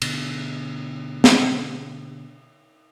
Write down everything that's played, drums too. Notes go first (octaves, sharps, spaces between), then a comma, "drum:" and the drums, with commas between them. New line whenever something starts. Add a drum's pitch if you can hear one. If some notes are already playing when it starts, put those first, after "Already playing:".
B2 D3, drum: cymbal
drum: snare